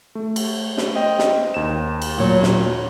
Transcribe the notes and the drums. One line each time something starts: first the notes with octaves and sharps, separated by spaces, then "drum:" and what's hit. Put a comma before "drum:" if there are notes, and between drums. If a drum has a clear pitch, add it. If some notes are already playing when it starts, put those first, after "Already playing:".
A3
drum: cymbal
drum: snare
C5 D#5 G5
drum: snare
D#2 E7
drum: cymbal
A#2 F#3
drum: snare